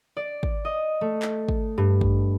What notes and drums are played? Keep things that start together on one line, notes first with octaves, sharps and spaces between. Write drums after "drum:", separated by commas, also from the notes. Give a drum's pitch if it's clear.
D5
drum: kick
D#5
A3
drum: clap
drum: kick
G2
drum: kick